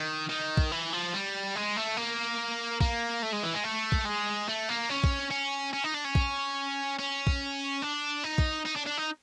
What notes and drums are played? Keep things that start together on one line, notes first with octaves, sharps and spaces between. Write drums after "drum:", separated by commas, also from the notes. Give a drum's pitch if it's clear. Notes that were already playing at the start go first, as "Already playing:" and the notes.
Already playing: D#3
D#3
drum: kick A#1
E3
F3
G3
G#3
A3
A#3
A#3, drum: kick A#1
A3
G#3
E3
G#3
A3
drum: kick A#1
G#3
A3
A#3
C#4
drum: kick A#1
C#4
C#4
D#4
D4
C#4
drum: kick A#1
C#4
drum: kick A#1
D4
D#4
drum: kick A#1
D#4
D4
D4
D#4